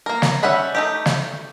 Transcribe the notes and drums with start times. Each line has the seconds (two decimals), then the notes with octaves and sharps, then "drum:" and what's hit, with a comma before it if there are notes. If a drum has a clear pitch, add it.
0.06 A#3 A#4
0.22 drum: snare
0.43 G3 C#4 E5 F#5 B5
0.75 A3 D#4 G4
1.06 drum: snare